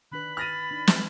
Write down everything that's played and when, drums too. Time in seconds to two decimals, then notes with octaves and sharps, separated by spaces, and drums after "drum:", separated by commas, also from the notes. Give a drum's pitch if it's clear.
0.12 D#3 D4 B4 B5 F#6
0.37 F6 A6 A#6 D#7
0.71 D4 D#4
0.87 drum: snare